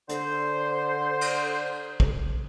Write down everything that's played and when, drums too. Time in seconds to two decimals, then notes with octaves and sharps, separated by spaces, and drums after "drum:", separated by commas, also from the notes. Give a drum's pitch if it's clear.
0.09 D3 C5, drum: hi-hat
1.21 drum: cymbal
2.00 drum: kick